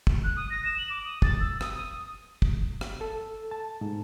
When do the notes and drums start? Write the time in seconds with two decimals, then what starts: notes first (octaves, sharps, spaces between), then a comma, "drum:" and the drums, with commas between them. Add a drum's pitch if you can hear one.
0.07 drum: kick
0.24 F#6
0.36 D#6
0.50 A#6
0.65 E7
0.78 F#7
0.90 D6
1.04 D#6
1.22 A6, drum: kick
1.40 E6
1.61 D#6, drum: rim click
1.75 D#6
2.42 drum: kick
2.81 drum: rim click
3.01 A4
3.51 A5
3.81 G#2